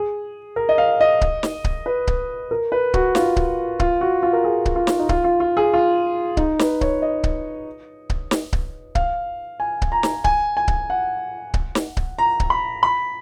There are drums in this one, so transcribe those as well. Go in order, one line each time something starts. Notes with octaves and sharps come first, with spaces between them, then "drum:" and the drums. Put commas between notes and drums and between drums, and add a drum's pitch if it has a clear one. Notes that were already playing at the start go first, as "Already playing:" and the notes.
Already playing: G#4
A#4
D#5
F5
D#5
drum: kick C#1
drum: snare
drum: kick C#1
B4
drum: kick C#1
A#4
B4
F#4, drum: kick C#1
F4, drum: snare
drum: kick C#1
F4, drum: kick C#1
F#4
F4
A#4
G#4
drum: kick C#1
F4
drum: snare
D#4
F4, drum: kick C#1
F4
F4
G#4
F4
D#4, drum: kick C#1
B4, drum: snare
C#5, drum: kick C#1
D#5
drum: kick C#1
drum: kick C#1
drum: snare
drum: kick C#1
F5, drum: kick C#1
G#5
drum: kick C#1
A#5
drum: snare
G#5, drum: kick C#1
G#5
drum: kick C#1
F#5
drum: kick C#1
drum: snare
drum: kick C#1
A#5
drum: kick C#1
B5
B5